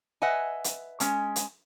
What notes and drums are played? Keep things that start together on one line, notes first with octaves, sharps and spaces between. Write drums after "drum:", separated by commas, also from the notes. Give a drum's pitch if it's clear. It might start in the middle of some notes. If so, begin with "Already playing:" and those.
B4 D#5 E5 F#5 G#5
drum: hi-hat
G#3 C#4, drum: hi-hat
drum: hi-hat